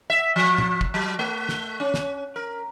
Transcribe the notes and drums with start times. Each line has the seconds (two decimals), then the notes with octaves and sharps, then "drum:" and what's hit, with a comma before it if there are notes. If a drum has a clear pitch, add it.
0.10 E5
0.36 F3
0.58 drum: tom A2
0.81 drum: kick
0.94 F#3
1.19 A3
1.49 drum: snare
1.80 C#4
1.94 drum: snare
2.36 A#4